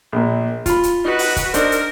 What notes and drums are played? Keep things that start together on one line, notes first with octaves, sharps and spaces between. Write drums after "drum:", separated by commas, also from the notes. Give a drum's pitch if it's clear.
A#1 A#2
F4 B5, drum: kick, hi-hat
drum: hi-hat
D#4 F#4 B4
drum: open hi-hat
drum: kick, hi-hat
D4 D#4 A#4 C5, drum: hi-hat
drum: hi-hat